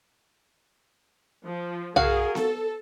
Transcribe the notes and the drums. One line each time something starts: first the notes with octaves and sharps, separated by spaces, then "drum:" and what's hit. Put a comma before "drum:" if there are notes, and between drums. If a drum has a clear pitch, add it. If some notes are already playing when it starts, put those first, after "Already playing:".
F3
F#4 G#4 A#4 F5, drum: tom
A4, drum: snare B3